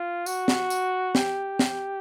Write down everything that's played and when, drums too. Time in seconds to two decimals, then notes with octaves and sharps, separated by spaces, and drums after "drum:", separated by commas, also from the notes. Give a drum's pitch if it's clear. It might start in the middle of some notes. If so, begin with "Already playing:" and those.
Already playing: F4
0.26 F#4, drum: tambourine
0.48 drum: snare
0.70 drum: tambourine
1.15 G4, drum: snare
1.59 drum: snare